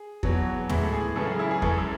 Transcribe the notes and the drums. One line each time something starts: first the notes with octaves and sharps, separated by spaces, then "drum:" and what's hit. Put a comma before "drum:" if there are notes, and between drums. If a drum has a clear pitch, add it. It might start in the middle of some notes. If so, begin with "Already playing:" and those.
Already playing: G#4
E2 B2 F#3, drum: kick E2
A2 E3 G#3 E4, drum: tom
A4
G#4
F#2 C#3 E3 G#3 A4
G#4
E4
G#4
F#2 E3 G#3 A4, drum: kick E2
A4